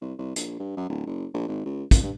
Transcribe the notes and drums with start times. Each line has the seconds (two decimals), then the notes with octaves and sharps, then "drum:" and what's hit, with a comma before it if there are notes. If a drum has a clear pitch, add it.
0.02 C2
0.19 C2
0.36 A#1, drum: hi-hat
0.60 G2
0.77 F#2
0.89 D1
1.07 F#1
1.34 A#1
1.48 G#1
1.66 C#2
1.91 F2, drum: kick, hi-hat
2.03 G2